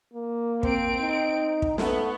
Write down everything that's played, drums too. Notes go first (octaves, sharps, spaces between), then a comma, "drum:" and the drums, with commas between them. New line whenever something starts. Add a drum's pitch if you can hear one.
A#3
C4 D7, drum: kick
D#4
drum: kick
A3 B3, drum: snare